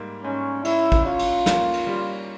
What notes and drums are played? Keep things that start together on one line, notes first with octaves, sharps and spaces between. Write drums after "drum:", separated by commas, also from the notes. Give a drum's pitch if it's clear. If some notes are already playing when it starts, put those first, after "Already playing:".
Already playing: G#2 G3 A#3
G#2 C#4
C#4 E4, drum: cymbal
drum: kick
C#4 F4
drum: cymbal
A#3, drum: snare
drum: cymbal
G3